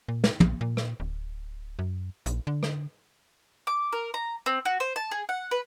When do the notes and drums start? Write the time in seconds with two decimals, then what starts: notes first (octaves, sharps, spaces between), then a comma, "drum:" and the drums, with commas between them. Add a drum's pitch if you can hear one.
0.08 A#2
0.24 drum: snare
0.40 A#1, drum: tom
0.61 A#2
0.77 drum: rim click
1.00 D1
1.79 F#2
2.26 A#1, drum: hi-hat
2.47 D3
2.63 drum: rim click
3.67 D6
3.93 A#4
4.14 A#5
4.46 C4
4.65 F#4
4.80 C5
4.96 A5
5.11 G#4
5.29 F#5
5.51 B4